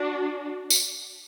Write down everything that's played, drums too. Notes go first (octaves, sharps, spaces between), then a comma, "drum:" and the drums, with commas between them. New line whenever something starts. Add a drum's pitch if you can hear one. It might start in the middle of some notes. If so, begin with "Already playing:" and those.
Already playing: D4 F#4
drum: tambourine